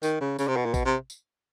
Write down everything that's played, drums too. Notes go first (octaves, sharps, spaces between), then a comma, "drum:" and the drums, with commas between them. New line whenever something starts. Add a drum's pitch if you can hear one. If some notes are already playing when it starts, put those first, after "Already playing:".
D#3, drum: tambourine
C#3
C#3, drum: tambourine
C3
B2
A#2
B2, drum: kick A1, tambourine
C3
drum: tambourine